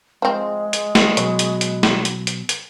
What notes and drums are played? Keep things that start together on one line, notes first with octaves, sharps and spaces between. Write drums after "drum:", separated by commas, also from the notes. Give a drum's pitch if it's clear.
F3 G#3 C4
drum: hi-hat
drum: snare
B2 F#3 C#5, drum: hi-hat
drum: hi-hat
drum: hi-hat
drum: snare
drum: hi-hat
drum: hi-hat
drum: hi-hat